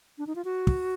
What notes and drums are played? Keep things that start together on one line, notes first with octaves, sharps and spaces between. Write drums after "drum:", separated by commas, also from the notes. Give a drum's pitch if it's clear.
D4
D#4
F4
F#4
drum: kick